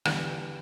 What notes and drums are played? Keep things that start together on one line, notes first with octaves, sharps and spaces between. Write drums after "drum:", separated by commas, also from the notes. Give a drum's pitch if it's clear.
E2 D3 G3 B3 D4, drum: rim click